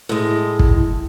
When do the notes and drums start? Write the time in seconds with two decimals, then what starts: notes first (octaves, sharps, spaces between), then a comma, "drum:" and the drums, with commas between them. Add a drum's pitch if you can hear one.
0.09 A2 G#3
0.59 drum: kick